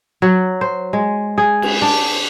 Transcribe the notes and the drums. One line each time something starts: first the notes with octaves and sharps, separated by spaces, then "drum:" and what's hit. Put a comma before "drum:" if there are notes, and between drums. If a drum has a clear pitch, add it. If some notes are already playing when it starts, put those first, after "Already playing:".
F#3
C5
G#3
G#4
drum: cymbal
D4